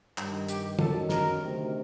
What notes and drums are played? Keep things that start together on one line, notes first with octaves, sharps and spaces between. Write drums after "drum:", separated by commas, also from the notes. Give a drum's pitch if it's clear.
G2 D#3, drum: clap
G4, drum: hi-hat
F#2 D#3 A4, drum: tom
A#4, drum: snare
D2 C3 D#3